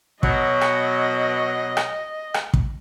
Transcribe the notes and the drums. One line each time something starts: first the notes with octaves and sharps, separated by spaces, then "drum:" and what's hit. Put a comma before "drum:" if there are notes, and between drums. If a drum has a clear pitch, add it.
B2 F#3 D#5, drum: kick
drum: rim click
drum: rim click
drum: rim click
drum: kick